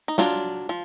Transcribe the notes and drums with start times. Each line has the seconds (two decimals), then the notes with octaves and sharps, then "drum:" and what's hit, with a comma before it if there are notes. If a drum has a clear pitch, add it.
0.08 D#4
0.18 F#3 D4 F4, drum: snare
0.69 F3